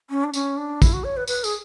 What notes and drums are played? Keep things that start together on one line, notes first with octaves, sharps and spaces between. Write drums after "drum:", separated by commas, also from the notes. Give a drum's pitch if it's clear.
C#4
D4
C#4, drum: tambourine
D4
E4, drum: kick, tambourine
F#4
C#5
B4
B4, drum: tambourine
G#4, drum: tambourine